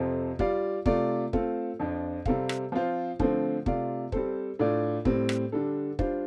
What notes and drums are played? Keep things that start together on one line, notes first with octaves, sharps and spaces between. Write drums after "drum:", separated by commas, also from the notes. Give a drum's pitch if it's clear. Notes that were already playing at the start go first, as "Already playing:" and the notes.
Already playing: F2 C3 F3 C4 A4
G3 F4 D5 F5, drum: kick
C3 A3 F4 D5, drum: kick
A3 C4 F4 A4, drum: kick
F2 F3 D4
C3 G3 C4 A4 F5, drum: kick
drum: rim click
F3 C4 F4 C5
D3 F3 A3 C4, drum: kick
C3 A3 F4 D5 F5, drum: kick
G3 C4 A4 C5, drum: kick
A2 A3 D4 F4 D5
A2 G3 C4, drum: kick
drum: rim click
D3 G3 D4 A4
G3 D4 F4 C5 F5, drum: kick